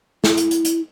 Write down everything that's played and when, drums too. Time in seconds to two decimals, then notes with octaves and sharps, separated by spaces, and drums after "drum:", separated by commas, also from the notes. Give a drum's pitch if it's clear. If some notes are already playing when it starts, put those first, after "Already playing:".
0.24 E4, drum: snare
0.37 drum: hi-hat
0.51 drum: hi-hat
0.65 drum: hi-hat